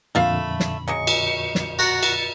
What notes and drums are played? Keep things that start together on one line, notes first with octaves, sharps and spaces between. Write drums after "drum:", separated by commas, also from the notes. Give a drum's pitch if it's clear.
F2 A#2 D3 A3 F4 F5 B5
drum: snare
C#3 F#3 G#3 C#6
drum: cymbal
drum: snare
F#4 A#4 F#5 A6 C#7
drum: cymbal